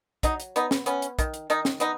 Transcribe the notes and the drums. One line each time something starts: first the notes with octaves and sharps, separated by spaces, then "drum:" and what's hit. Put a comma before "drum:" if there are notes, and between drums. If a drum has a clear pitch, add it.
F#3 D#4, drum: kick, hi-hat
drum: hi-hat
B3 D#4, drum: hi-hat
drum: snare
B3 C#4, drum: hi-hat
drum: hi-hat
D#3, drum: kick, hi-hat
drum: hi-hat
D#3 D#4, drum: hi-hat
drum: snare
B3 D#4, drum: hi-hat